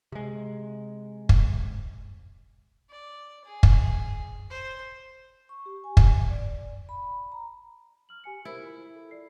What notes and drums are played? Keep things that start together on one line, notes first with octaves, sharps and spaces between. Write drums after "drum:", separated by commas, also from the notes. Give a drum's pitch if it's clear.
C3 G#3
drum: kick
D5
G#4
drum: kick
C5
C#6
G4
G#5
drum: kick
D5
B5
A#5
F6 F#7
G4 G#5 C#7
E4 A#4 C5
F4
A4
D5 C7